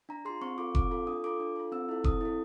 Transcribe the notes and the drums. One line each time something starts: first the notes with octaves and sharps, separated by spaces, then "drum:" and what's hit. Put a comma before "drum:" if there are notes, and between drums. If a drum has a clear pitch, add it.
D4 A#5
F4 G#4 C6
C4 C#6
F4 A4 D6
C4 D6, drum: kick F1
F4 A4
D4 D#6
F4 A4 D6
D4
F4 A4
C4 E6
E4 A4
C4 D#6, drum: kick F1
E4 A4